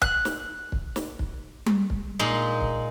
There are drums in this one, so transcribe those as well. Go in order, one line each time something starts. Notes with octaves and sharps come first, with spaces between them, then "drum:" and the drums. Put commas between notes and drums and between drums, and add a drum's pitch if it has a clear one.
F#6, drum: kick
drum: snare
drum: kick
drum: snare
drum: kick
drum: tom G3
drum: kick
A#2 G#3 D#4
drum: kick